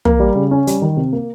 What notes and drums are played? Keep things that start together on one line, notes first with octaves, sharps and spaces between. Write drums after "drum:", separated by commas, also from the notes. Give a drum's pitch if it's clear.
A#3, drum: tom
G3
C#3
C#4
G3, drum: hi-hat
D#3
C3
A#3